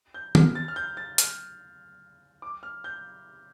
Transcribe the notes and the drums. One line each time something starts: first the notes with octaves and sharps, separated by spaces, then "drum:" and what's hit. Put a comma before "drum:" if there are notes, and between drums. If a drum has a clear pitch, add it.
G6
F6, drum: tom
A6
F6
G6
A6
F6, drum: hi-hat
D6
F6
G6